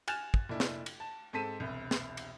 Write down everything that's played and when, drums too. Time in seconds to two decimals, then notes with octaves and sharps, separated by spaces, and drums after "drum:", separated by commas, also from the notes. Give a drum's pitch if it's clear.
0.08 G#5 F6 F#6 A6 E7 F7, drum: cymbal
0.34 drum: kick
0.49 F1 A#2 D4 E4
0.60 drum: snare
0.86 drum: cymbal
1.00 A5
1.33 G#2 C4 A4 A5 B6 D#7
1.60 E1 C2
1.91 drum: snare
2.17 drum: cymbal